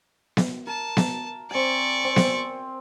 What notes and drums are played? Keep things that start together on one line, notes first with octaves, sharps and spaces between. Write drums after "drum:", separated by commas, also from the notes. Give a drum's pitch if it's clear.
drum: snare B3
A#4 A5
drum: snare B3
C4 D5 G#5 C#6
C4
drum: snare B3